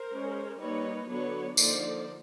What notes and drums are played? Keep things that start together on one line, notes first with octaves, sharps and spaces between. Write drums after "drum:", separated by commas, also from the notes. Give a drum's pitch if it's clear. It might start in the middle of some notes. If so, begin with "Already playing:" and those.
Already playing: A#4 C5
G#3 C#4
G3 A#3 D#4 B4 C#5
D3 F#3 B3 D4 B4 C#5
D3 F3 A#3 D#4 C5 D5, drum: tambourine